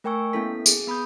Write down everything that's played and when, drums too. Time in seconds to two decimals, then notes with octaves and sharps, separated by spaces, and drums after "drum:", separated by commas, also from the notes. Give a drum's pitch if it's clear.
0.04 A3 A#4 G5 G#5 C#6 E6
0.33 A#3 B3 C#4 E4 A4 B6
0.66 G#4, drum: tambourine
0.87 B3 B5 D#6 G6